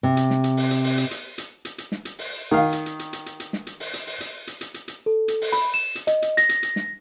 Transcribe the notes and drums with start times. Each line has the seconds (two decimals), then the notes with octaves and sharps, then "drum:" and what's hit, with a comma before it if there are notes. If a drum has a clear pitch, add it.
0.03 C3
0.17 drum: hi-hat
0.30 drum: snare
0.44 drum: hi-hat
0.57 drum: open hi-hat
0.71 drum: hi-hat
0.84 drum: open hi-hat
0.98 drum: hi-hat
1.11 drum: hi-hat
1.38 drum: hi-hat
1.65 drum: hi-hat
1.78 drum: hi-hat
1.92 drum: snare
2.05 drum: hi-hat
2.19 drum: open hi-hat
2.51 D#3 F5
2.72 drum: hi-hat
2.86 drum: hi-hat
2.99 drum: hi-hat
3.13 drum: hi-hat
3.26 drum: hi-hat
3.40 drum: hi-hat
3.53 drum: snare
3.67 drum: hi-hat
3.80 drum: open hi-hat
3.94 drum: hi-hat
4.07 drum: open hi-hat
4.20 drum: hi-hat
4.47 drum: hi-hat
4.61 drum: hi-hat
4.74 drum: hi-hat
4.88 drum: hi-hat
5.06 A4
5.28 drum: hi-hat
5.42 drum: open hi-hat
5.52 B5, drum: hi-hat
5.74 E7
5.95 drum: hi-hat
6.07 D#5, drum: hi-hat
6.22 drum: hi-hat
6.37 A#6, drum: hi-hat
6.49 drum: hi-hat
6.63 drum: hi-hat
6.76 drum: snare